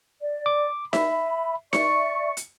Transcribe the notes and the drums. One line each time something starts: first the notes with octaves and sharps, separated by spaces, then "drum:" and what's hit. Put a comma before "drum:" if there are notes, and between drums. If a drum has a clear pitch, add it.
D5
D6
E5 B5, drum: snare D#4
D5 E5 C#6 C#7, drum: snare D#4
drum: hi-hat